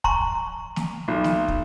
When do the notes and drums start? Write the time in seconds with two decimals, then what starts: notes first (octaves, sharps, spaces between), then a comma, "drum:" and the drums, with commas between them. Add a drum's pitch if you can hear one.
0.04 A#5 C6 C#6, drum: kick
0.76 drum: snare
1.08 B1
1.24 drum: snare
1.48 drum: kick